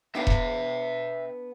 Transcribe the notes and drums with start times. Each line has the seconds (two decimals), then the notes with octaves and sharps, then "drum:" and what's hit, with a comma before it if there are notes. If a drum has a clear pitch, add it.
0.15 B3 D4 E5 F5 G5
0.27 drum: kick E1